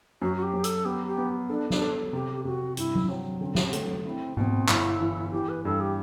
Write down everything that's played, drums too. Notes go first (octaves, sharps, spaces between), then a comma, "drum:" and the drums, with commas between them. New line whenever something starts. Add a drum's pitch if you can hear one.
F#2 F#4
F#4
G4
F#2
A4, drum: hi-hat
B3 G4
G4
B3
D4 A4
D4, drum: snare
A4
C3 G4
G4
C3 F#4
G2 E4, drum: hi-hat
drum: tom F#3
F#3 C4
D3
drum: snare
A3, drum: hi-hat
C4 E4
B2 C4, drum: tom G#2
G1 E4, drum: clap
E3
E3 G4
B4
G2 A4
G4